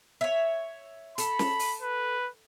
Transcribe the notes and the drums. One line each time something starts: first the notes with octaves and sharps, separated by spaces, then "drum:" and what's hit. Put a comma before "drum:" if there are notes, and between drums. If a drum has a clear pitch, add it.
C#5 E5
A4 B5, drum: hi-hat
drum: snare
drum: open hi-hat
B4